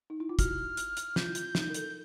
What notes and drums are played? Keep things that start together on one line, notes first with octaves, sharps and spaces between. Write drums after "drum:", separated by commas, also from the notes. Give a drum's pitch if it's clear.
D#4
E4
F4
F#4 F6, drum: kick, hi-hat
drum: hi-hat
drum: hi-hat
F4 G6, drum: snare
E4
F4, drum: hi-hat
D#4, drum: snare
A#4
A4, drum: hi-hat